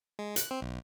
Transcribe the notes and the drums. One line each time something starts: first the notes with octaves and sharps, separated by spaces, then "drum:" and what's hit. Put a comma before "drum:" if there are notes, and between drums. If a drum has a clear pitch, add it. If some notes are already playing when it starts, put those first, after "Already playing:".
G#3
F#6, drum: hi-hat
C4
B1